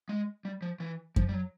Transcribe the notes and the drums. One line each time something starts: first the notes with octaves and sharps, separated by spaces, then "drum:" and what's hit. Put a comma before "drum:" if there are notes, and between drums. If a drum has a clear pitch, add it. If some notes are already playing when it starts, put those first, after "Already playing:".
G#3
G3
F3
E3
F3, drum: kick F#2
G3
F#3